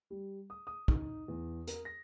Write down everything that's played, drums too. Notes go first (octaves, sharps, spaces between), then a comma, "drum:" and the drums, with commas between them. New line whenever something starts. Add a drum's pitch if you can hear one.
G3
D#6
D#6
D#4, drum: kick
E2
A#4, drum: hi-hat
A#6